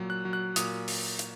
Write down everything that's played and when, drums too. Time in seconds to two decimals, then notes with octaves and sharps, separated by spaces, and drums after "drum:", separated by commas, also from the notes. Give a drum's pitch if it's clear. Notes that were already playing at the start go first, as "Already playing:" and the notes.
Already playing: A#2 F#3
0.10 F#6
0.25 F#3
0.33 F#6
0.56 A#2 D#6, drum: hi-hat
0.88 drum: open hi-hat
1.19 drum: hi-hat